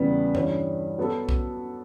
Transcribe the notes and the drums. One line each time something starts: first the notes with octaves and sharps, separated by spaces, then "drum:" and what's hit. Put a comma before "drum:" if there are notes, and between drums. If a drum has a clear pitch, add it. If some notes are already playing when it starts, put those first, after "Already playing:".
Already playing: E2 C#3 G3 B3
G2 E3 G3 C#4, drum: tom F2
F#3 B3 F#4 A4
drum: kick B1